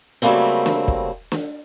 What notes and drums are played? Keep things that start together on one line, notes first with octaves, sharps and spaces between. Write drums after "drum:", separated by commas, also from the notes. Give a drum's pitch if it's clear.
C#3 F#3 G3 A3 A#3 C4
drum: snare
drum: kick
drum: snare